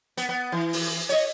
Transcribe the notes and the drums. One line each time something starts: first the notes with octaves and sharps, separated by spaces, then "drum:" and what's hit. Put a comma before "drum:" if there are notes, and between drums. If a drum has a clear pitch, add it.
B3, drum: hi-hat
B3
E3
drum: open hi-hat
C#5 D#5